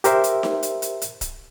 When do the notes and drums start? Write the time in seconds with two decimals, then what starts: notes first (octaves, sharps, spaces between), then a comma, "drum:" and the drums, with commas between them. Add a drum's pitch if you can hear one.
0.04 G4 A#4 C5 E5, drum: hi-hat
0.24 drum: hi-hat
0.43 drum: snare D#4
0.63 drum: hi-hat
0.82 drum: hi-hat
1.02 drum: hi-hat
1.21 drum: kick, hi-hat